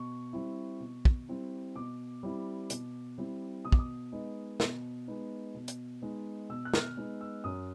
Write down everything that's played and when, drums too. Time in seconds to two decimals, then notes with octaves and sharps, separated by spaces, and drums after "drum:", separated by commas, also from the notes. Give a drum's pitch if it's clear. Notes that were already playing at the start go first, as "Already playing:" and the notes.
Already playing: B2 C#6
0.33 G3 C4 E4
0.80 B2
1.05 drum: kick
1.29 G3 C4 E4
1.75 B2 D6
2.23 G3 C4 E4
2.70 B2, drum: hi-hat
3.18 G3 C4 E4
3.65 B2 D#6
3.72 D6, drum: kick
3.79 D#6
4.12 G#3 B3 D#4
4.60 B2, drum: snare
5.08 G#3 B3 D#4
5.54 B2
5.68 drum: hi-hat
6.02 G#3 B3 D#4
6.50 B2 E6
6.65 F#6
6.74 F6, drum: snare
6.97 G#3 B3 D#4
7.21 E6
7.44 F#2 D#6